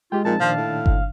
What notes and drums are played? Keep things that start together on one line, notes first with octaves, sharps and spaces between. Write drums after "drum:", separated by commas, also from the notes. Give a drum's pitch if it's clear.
G#3 F4 G4 G5
A#2 F3 C4 D#4 A5
A#2 D#3 F3 D4 F5
A2
drum: kick G1